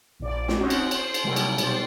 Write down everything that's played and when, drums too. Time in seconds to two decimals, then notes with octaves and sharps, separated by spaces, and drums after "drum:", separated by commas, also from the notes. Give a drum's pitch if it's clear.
0.20 A#1 D5
0.48 drum: snare
0.58 C4 C#4 D#4 F#4
0.70 drum: cymbal
0.91 C5, drum: cymbal
1.14 drum: cymbal
1.24 C3 F#3 G3 A#3
1.36 drum: cymbal
1.58 B2 G3 C5 A6, drum: cymbal